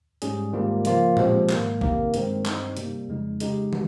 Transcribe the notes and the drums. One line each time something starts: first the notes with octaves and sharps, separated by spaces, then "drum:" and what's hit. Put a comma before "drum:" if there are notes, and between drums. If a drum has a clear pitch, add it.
G#2 G3 C#4 G#4, drum: hi-hat
G#2 D#3 G3 A#3 F4
C#3 F3 A#3 F4, drum: hi-hat
A#2 F3 G#3 C4 G4, drum: tom A2
G#2 D#3 A#3, drum: clap
C3 D#3 A#3, drum: kick
G2 D#3 G#3 C4, drum: hi-hat
G2 G3 C4 D#4, drum: clap
C3 G3 A#3, drum: hi-hat
F2 C#3 G#3 D#4
C#3 G#3 D#4 G4, drum: hi-hat
drum: tom